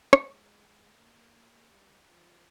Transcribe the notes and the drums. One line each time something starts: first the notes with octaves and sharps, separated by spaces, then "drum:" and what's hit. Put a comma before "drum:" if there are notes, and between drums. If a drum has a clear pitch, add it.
drum: rim click
G#3
A#3
G3
F3